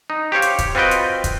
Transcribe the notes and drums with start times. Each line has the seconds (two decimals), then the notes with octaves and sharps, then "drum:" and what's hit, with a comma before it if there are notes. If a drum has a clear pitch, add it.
0.10 D#4
0.32 G4 C5 C#5 F5
0.42 drum: hi-hat
0.59 drum: kick, hi-hat
0.75 C4 F4 F#4 B4 D#5 G5
0.91 drum: hi-hat
1.24 drum: kick, hi-hat